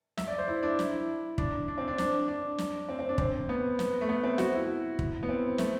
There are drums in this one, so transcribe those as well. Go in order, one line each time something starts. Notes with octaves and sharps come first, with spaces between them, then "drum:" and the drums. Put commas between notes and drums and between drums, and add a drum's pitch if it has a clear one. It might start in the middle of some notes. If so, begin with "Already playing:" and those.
E5, drum: snare
D5
C5
E4
D4
E4, drum: snare
D4, drum: kick
D4
C4
D4
D4, drum: snare
D4
drum: snare
C4
C4
D4
C4, drum: kick
B3
B3, drum: snare
A3
B3
C4
F#4, drum: snare
E4
drum: kick
B3
C4
A3, drum: snare